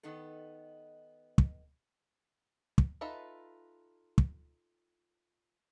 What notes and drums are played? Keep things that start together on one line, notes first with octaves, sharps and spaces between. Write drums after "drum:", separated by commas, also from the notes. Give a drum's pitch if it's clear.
D#3 B3 D#4 A4
drum: kick
drum: kick
D#4 F4 A4 B4 E5
drum: kick